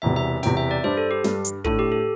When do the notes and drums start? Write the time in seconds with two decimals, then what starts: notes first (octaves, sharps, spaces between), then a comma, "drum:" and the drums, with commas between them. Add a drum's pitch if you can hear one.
0.02 E1 E2 C3 E5
0.16 E5
0.43 E1 E2 C3 G5, drum: snare
0.57 E5
0.71 D5
0.84 G2 G3 D4 C5
0.97 A4
1.11 G4
1.24 G2 G3 D4, drum: snare
1.45 drum: hi-hat
1.64 A2 A3 D4 A4, drum: kick
1.79 G4
1.92 A4